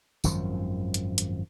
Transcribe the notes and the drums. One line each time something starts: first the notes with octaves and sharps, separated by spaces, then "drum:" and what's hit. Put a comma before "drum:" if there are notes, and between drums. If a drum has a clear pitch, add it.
G#1 F#2 D#3 F3, drum: tambourine
drum: hi-hat
drum: hi-hat